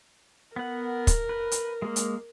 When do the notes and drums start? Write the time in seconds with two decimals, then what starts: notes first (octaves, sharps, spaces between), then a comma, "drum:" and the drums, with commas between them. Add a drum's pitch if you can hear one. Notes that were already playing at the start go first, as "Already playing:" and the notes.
0.56 B3 A#4 F#5
1.07 drum: kick, hi-hat
1.29 B4
1.52 drum: hi-hat
1.82 G#3 A#3
1.96 drum: hi-hat